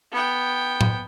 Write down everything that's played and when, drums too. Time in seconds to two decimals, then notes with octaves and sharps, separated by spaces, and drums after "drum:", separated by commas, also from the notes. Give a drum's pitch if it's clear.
0.12 B3 G5
0.81 drum: tom A2